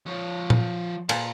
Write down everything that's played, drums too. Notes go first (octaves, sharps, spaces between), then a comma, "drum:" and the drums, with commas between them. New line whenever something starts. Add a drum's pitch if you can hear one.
F3 C#5
drum: tom A#2
A#2 A5 A#5, drum: cymbal